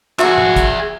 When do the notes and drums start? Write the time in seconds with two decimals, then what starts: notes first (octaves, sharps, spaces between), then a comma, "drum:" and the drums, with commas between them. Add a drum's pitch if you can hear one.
0.19 F#4 G#4 E5, drum: clap
0.38 drum: tom A2
0.56 drum: kick, hi-hat